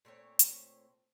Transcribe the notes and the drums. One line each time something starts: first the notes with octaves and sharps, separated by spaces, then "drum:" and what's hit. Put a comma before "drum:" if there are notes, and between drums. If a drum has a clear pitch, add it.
A#2 A3 C4 C#5
drum: hi-hat